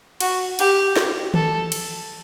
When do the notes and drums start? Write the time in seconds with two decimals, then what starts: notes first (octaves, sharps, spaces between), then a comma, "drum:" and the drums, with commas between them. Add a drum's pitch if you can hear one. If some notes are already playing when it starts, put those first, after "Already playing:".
0.20 F#4, drum: cymbal
0.59 G4, drum: cymbal
0.96 drum: snare
1.34 A4, drum: tom D#3
1.72 drum: cymbal